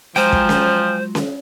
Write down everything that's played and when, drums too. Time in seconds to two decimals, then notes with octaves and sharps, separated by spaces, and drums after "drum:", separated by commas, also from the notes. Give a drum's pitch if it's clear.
0.16 F3 F#3 G#3 F4 C5 G5 G#5 A#5
0.32 drum: kick
0.49 drum: snare C#4
1.15 drum: snare C#4